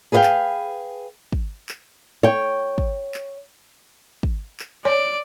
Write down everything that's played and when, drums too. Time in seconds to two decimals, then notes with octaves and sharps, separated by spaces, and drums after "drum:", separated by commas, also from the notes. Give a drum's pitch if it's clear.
0.12 G#4 B4 C5 E5 F5 G5
0.23 drum: clap
1.32 drum: kick
1.69 drum: clap
2.23 C#5 G5
2.78 drum: kick
3.14 drum: clap
4.23 drum: kick
4.60 drum: clap
4.85 C#5 D5 D7